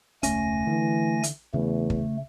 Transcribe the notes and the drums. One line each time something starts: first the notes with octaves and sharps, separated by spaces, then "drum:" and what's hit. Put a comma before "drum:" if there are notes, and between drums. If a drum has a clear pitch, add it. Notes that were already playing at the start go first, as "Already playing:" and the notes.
E1 C#2 A3 C#4 G#5 A#6, drum: hi-hat
D3 E3
drum: hi-hat
E2 C#3 A3
drum: kick